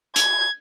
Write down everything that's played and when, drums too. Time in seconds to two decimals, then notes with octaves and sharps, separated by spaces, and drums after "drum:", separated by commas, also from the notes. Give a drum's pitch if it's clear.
0.16 G#6, drum: hi-hat